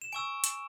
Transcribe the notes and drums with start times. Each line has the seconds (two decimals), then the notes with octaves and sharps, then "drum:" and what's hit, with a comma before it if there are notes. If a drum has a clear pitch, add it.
0.02 E7
0.12 G#5 C#6 E6 D7
0.44 drum: hi-hat